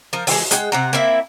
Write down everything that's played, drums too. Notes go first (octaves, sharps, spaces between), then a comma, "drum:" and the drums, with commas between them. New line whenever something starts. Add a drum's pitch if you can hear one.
F3 A#4
E3 G#3, drum: open hi-hat
G#3 F#5 G5, drum: hi-hat
C3 F#5 A#5
A#3 C4 E4 E5